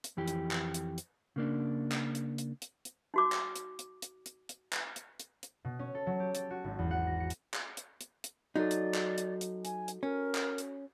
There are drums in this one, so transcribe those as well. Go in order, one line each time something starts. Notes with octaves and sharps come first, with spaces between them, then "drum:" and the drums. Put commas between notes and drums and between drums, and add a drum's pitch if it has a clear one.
drum: hi-hat
F2 E3 G4
drum: hi-hat
drum: clap
drum: hi-hat
drum: hi-hat
C#3 A#3 D4
drum: clap
drum: hi-hat
drum: hi-hat
drum: hi-hat
drum: hi-hat
D#4 F#4 D6
drum: clap
drum: hi-hat
drum: hi-hat
drum: hi-hat
drum: hi-hat
drum: hi-hat
drum: clap
drum: hi-hat
drum: hi-hat
drum: hi-hat
B2
C#4
A4
F#3
G4
A4, drum: hi-hat
F#4
G#1
E2
F#5
A#6
C#7
drum: hi-hat
drum: clap
drum: hi-hat
drum: hi-hat
drum: hi-hat
F#3 D#4 F#4 A4 D5
drum: hi-hat
drum: clap
drum: hi-hat
drum: hi-hat
G#5, drum: hi-hat
drum: hi-hat
C#4 A#4
drum: clap
drum: hi-hat